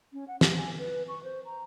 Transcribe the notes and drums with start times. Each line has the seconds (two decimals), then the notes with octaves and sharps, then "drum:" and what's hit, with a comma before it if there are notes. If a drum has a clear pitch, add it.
0.13 C#4
0.28 F#5
0.41 G4, drum: snare
0.57 G#5
0.78 B4
1.08 C#6
1.24 C5
1.45 A#5